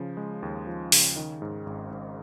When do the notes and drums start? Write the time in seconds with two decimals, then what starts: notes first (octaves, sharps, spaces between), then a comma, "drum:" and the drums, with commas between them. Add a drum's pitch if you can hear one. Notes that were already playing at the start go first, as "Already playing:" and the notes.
Already playing: C#3 F3
0.17 G#3
0.42 D#2
0.67 F3
0.92 C#3, drum: open hi-hat
1.16 D#3
1.42 G#2
1.66 G#1
1.91 G#1